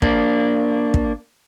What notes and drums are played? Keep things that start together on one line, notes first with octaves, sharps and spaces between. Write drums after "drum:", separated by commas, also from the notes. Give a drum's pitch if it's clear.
A#3 D4, drum: kick
drum: kick